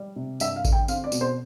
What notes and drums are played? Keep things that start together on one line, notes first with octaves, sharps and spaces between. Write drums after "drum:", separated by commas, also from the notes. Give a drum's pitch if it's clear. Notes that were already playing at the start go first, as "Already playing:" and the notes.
Already playing: G3
C3
G2 E5, drum: tambourine
F5
D3, drum: kick A1, tambourine
G5
C4 F5, drum: tambourine
D5
B2, drum: tambourine
C5